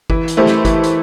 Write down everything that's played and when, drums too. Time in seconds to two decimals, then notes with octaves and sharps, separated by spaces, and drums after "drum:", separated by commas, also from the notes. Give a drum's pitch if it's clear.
0.10 E3, drum: kick G1
0.28 drum: hi-hat
0.37 A3 E4 G4 C5
0.46 drum: snare
0.65 E3, drum: kick G1, hi-hat
0.83 drum: hi-hat